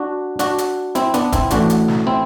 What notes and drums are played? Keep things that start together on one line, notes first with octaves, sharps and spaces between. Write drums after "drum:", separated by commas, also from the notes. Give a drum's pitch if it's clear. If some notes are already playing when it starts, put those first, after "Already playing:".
Already playing: D4 F#4
D4 F#4, drum: hi-hat
drum: hi-hat
C4 E4, drum: hi-hat
B3 D4, drum: hi-hat
C4 E4, drum: kick, hi-hat
A1 A2 E3 D4 F#4, drum: hi-hat
drum: hi-hat
drum: snare
C4 E4